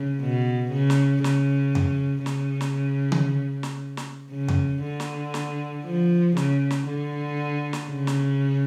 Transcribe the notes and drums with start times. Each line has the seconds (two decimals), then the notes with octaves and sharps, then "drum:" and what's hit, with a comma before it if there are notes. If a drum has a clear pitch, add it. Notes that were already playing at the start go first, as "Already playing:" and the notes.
Already playing: C#3
0.21 B2
0.72 C#3
0.90 drum: snare
1.24 C#3, drum: snare
1.75 drum: tom F2
2.26 C#3, drum: snare
2.61 drum: snare
3.12 drum: tom D3
3.63 drum: snare
3.97 drum: snare
4.31 C#3
4.48 drum: tom F2
4.83 D3
5.00 drum: snare
5.34 drum: snare
5.85 F3
6.37 C#3, drum: snare
6.70 drum: snare
6.88 D3
7.73 drum: snare
7.90 C#3
8.07 drum: snare